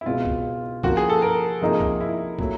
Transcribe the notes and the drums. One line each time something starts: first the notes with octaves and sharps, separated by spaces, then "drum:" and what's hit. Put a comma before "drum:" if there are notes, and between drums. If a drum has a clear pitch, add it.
E4
C#2 B2 G#3 C4 F4
drum: kick
C#3 F3 A#3 F#4, drum: kick
G#4
A4
A#4
C3 F3 A#3 D#4 G#4
drum: kick
E4
A#2 F#3 A3, drum: kick